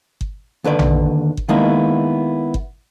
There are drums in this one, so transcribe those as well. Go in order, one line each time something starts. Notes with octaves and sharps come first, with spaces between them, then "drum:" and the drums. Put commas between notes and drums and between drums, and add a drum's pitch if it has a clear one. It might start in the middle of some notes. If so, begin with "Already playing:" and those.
drum: kick G1
D#2 D3 B4 D5
drum: tom A#1
drum: kick G1
D#3 G#3 A#3 B3 D#4 E4
drum: kick G1